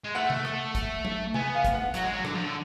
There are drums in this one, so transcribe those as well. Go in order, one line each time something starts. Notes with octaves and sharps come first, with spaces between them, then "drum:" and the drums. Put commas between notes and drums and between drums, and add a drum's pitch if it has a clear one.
G#3
A3 F#5
drum: tom C3
drum: rim click
drum: kick, hi-hat
drum: tom
B3 G#5, drum: tom C3
F5
drum: kick, hi-hat
F#5
F#3 F#5, drum: hi-hat
G#3
F#3
D3, drum: rim click
F3
D3